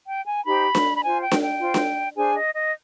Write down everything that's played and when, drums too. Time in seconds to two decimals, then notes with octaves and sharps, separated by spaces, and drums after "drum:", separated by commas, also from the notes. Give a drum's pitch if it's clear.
0.08 G5
0.27 G#5
0.46 D#4 G4 C5 B5
0.75 drum: snare D4
0.97 B5
1.03 F4 C5 G#5
1.22 G5
1.31 drum: snare D4
1.41 G5
1.59 F4 C5
1.74 drum: snare D4
2.16 D4 G#4 C5 G#5
2.35 D#5
2.54 D#5